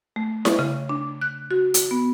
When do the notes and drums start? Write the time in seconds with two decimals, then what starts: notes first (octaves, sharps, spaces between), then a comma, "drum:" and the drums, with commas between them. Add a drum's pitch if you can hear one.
0.16 A3
0.45 C#6, drum: snare E4
0.59 C#3
0.89 D4
1.21 F#6
1.51 F#4
1.74 drum: hi-hat
1.91 B3